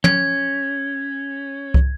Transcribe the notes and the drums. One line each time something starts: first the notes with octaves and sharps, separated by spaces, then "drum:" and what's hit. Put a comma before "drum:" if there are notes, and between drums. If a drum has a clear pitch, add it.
C#4 G#6, drum: tom
drum: kick